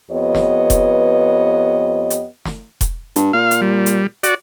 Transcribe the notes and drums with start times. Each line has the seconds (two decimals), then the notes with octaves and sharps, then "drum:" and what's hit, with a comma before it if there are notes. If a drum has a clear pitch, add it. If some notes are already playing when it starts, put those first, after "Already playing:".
0.11 F2 B3 G4 B4 C#5 D#5
0.35 drum: snare
0.70 drum: kick E1, hi-hat
2.10 drum: hi-hat
2.45 drum: snare
2.81 drum: kick E1, hi-hat
3.16 G2, drum: hi-hat
3.33 A#2 F5
3.51 drum: hi-hat
3.62 G3
3.86 drum: hi-hat
4.23 F#4 D5, drum: hi-hat